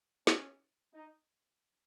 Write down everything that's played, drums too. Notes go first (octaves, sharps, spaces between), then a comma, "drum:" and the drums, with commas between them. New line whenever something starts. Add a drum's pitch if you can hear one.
C#4, drum: snare
D#4